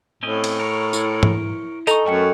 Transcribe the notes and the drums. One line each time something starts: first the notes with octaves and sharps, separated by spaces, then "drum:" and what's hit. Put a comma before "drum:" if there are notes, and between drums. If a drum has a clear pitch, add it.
A2 C4 C#4 D#5
drum: cymbal
A#4 C#5
E4, drum: tambourine
drum: tom G#2
D#4 A4 D#5 G#5 A#5 C#6, drum: tambourine
F#2 A3 F#4 A#4 D#5 G5 C#7